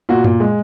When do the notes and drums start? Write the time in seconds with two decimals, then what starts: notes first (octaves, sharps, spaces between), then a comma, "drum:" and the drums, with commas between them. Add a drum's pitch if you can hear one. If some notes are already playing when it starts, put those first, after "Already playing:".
0.09 A#2 F#4
0.24 A#2, drum: tom F#2
0.40 G#3